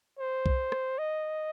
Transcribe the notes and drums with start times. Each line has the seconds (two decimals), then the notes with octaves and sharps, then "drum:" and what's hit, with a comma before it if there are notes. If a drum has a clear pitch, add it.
0.19 C5
0.46 drum: kick C2
0.72 drum: rim click
0.98 D#5